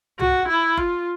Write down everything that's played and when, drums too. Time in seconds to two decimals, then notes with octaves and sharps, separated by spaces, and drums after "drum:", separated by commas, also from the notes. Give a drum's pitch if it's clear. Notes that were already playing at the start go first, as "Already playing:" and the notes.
0.19 F#4, drum: tom C2
0.48 E4
0.77 F4, drum: kick G1